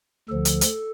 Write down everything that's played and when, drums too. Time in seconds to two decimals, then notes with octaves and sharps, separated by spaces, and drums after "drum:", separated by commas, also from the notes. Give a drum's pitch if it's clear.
0.29 D2 D3 F3 A4
0.45 drum: hi-hat
0.61 drum: hi-hat